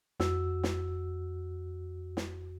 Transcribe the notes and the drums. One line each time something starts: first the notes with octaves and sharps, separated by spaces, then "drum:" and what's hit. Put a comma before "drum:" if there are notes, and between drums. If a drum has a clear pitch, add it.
F2 F#4 E6, drum: snare
drum: snare
drum: snare